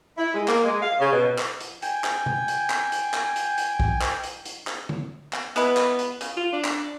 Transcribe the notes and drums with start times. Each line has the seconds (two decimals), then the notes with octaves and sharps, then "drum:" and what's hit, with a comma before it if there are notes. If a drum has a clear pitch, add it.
0.18 E4
0.34 G#3
0.48 A#3, drum: clap
0.64 G#3
0.82 F5
0.99 C#3
1.12 B2
1.38 drum: clap
1.60 drum: hi-hat
1.82 G5 G#5, drum: hi-hat
2.04 drum: clap
2.26 drum: tom C3
2.48 drum: hi-hat
2.70 drum: clap
2.92 drum: hi-hat
3.14 drum: clap
3.36 drum: hi-hat
3.58 drum: hi-hat
3.80 drum: kick A#1
4.02 drum: clap
4.23 drum: hi-hat
4.45 drum: hi-hat
4.67 drum: clap
4.89 drum: tom
5.33 drum: clap
5.56 G#3 B3 E4 B4, drum: hi-hat
5.77 drum: clap
5.99 drum: hi-hat
6.21 C#3, drum: hi-hat
6.37 F4
6.53 D4
6.65 drum: clap